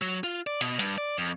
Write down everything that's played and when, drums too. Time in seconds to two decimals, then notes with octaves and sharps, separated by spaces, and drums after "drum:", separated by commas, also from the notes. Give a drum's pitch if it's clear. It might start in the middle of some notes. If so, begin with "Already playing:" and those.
0.02 F#3
0.24 F4
0.47 D5
0.61 B2, drum: hi-hat
0.79 G2, drum: hi-hat
0.98 D5
1.18 F2